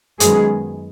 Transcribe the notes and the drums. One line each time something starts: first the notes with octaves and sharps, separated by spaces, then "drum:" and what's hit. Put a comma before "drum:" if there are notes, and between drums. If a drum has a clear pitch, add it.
F#2 D#3 G#3 B3 G#4, drum: hi-hat